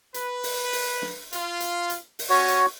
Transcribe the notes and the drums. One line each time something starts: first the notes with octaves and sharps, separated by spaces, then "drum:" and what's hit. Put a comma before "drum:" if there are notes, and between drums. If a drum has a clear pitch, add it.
B4, drum: hi-hat
drum: open hi-hat
drum: open hi-hat
drum: snare
F4, drum: hi-hat
drum: hi-hat
drum: hi-hat
drum: open hi-hat
G3 C#4 F#4 C#5
drum: hi-hat